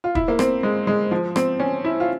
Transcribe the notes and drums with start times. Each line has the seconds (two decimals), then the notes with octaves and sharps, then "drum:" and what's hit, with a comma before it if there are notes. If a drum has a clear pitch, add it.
0.04 F4
0.15 E4, drum: kick
0.28 A#3
0.39 C4, drum: rim click
0.63 G#3
0.87 G#3
1.11 F3
1.36 C4, drum: rim click
1.60 C#4
1.85 E4
2.00 F4